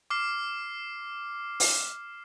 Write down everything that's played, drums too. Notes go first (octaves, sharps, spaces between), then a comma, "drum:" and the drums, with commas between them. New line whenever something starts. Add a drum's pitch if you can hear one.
D6 F6 C7
drum: open hi-hat